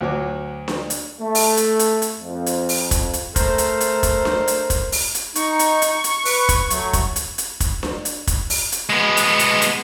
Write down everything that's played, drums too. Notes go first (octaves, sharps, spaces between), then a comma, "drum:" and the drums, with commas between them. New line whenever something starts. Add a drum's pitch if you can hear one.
D2 F#3 F#4 C#5 D6
drum: snare D4
drum: hi-hat
A3
drum: open hi-hat
drum: hi-hat
drum: hi-hat
drum: hi-hat
F2
drum: hi-hat
drum: open hi-hat
drum: kick, hi-hat
drum: hi-hat
A3 A#4 C5 A#5, drum: kick, hi-hat
drum: hi-hat
drum: hi-hat
drum: kick, hi-hat
drum: snare D4
drum: hi-hat
drum: kick, hi-hat
drum: open hi-hat
drum: hi-hat
D#4 C#6, drum: hi-hat
drum: hi-hat
drum: hi-hat
drum: hi-hat
B4, drum: open hi-hat
drum: kick, hi-hat
F#3 A3, drum: hi-hat
drum: kick, hi-hat
drum: hi-hat
drum: hi-hat
drum: kick, hi-hat
drum: snare D4
drum: hi-hat
drum: kick, hi-hat
drum: open hi-hat
drum: hi-hat
G#3 B3
drum: hi-hat
drum: hi-hat
drum: hi-hat